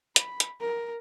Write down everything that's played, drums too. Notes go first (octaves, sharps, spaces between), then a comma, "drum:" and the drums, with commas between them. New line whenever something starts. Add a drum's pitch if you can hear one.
B5, drum: hi-hat
drum: hi-hat
A#4